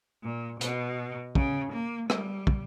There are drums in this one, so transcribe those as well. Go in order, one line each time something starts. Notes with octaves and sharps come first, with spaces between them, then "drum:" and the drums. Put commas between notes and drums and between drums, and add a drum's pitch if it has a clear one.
A#2
B2, drum: hi-hat
C#3, drum: kick
A#3
G3, drum: rim click
drum: kick